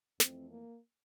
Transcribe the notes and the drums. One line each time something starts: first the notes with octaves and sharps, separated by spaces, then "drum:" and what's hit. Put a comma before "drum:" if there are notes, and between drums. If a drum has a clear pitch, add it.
F2 E3 A3 C4, drum: snare
A#3